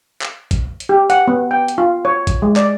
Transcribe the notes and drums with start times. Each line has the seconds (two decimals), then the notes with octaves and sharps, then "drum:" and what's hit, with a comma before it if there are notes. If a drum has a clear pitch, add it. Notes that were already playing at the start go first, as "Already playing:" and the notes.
0.22 drum: clap
0.51 drum: kick, hi-hat
0.80 drum: hi-hat
0.89 G4
1.10 F#5, drum: hi-hat
1.28 B3
1.51 G5
1.68 drum: hi-hat
1.78 F4
2.05 C#5
2.27 drum: kick, hi-hat
2.42 G#3
2.56 D5, drum: clap